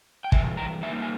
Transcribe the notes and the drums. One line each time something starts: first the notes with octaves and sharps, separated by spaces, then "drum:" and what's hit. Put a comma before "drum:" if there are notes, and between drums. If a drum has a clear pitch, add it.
G5
G2 E3 E5 G#5, drum: kick
G5 A#5
G2 G3 A#3 D#4 E5 G#5
G#5